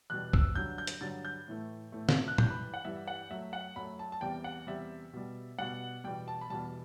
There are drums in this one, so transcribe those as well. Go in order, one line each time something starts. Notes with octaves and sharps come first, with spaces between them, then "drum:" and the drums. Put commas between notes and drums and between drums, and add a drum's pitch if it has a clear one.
E2 B2 G3 F#6
E6, drum: kick
G2 D3 F#3 G6
G6
drum: hi-hat
G2 D3 F#3 A6
G6
A2 E3 A3
A2 E3 A3
drum: snare
F#6
G2 E3 G3 G6, drum: tom A#2
B5
F#5
G2 E3 G3 E5
F#5
F#2 F#3 A3 E5
F#5
F#2 F#3 A3 B5
A5
A5
E2 C3 G3 G5
F#5
E2 C3 G3 E5
B2 G3
B2 G3 F#5
E2 B2 G3 G5
A5
B5
E2 B2 G3 A5